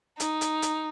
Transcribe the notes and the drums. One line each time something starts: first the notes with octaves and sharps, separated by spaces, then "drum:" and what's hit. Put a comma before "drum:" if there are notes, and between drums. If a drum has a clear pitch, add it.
D#4, drum: hi-hat
drum: hi-hat
drum: hi-hat